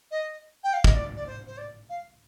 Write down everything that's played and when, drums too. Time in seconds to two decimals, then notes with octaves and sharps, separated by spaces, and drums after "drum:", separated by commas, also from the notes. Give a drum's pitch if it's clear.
0.11 D#5
0.64 G5
0.74 F5
0.84 D#5, drum: kick
0.95 D5
1.16 D5
1.27 C5
1.47 C5
1.58 D5
1.90 F5